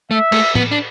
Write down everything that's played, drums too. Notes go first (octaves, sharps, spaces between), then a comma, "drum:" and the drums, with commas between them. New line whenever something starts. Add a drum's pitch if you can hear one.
A3 E5
A3, drum: cymbal
B3, drum: tom A2
D4